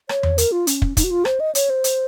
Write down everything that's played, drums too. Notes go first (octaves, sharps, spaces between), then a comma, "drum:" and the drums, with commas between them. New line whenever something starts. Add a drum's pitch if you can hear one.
C#5, drum: rim click
drum: tom E2
A#4, drum: hi-hat
F4
C#4, drum: hi-hat
drum: kick
D#4, drum: kick, hi-hat
F#4
F4
C5, drum: rim click
D#5
C#5, drum: hi-hat
C5
drum: hi-hat